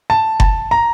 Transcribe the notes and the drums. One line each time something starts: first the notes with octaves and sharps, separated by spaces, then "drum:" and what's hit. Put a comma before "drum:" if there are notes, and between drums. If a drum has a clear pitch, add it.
A5
A5, drum: kick F#1
A#5